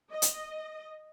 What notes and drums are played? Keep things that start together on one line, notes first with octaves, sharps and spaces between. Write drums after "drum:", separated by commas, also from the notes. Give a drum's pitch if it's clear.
D#5
drum: hi-hat